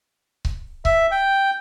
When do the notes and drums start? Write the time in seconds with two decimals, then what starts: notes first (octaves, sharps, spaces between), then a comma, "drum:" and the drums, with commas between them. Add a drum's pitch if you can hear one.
0.45 drum: kick C#1
0.85 E5, drum: kick C#1
1.11 G5